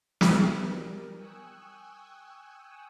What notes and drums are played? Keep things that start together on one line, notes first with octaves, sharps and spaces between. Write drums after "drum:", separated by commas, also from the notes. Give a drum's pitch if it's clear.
G3 A#4, drum: snare
G5 G#5 C#6 D#6 E6 F#6